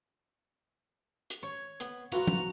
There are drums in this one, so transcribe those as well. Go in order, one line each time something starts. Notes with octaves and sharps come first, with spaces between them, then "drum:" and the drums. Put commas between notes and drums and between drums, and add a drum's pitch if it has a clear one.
drum: hi-hat
C#5
B3, drum: hi-hat
F#3 F4 F#4 B4 A#5
drum: tom